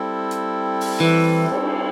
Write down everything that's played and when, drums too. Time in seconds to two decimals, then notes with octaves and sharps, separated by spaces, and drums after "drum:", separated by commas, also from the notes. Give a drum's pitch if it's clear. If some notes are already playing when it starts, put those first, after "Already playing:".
Already playing: G3 C4 E4 A4
0.31 drum: hi-hat
0.81 drum: open hi-hat
1.00 E3
1.52 drum: cymbal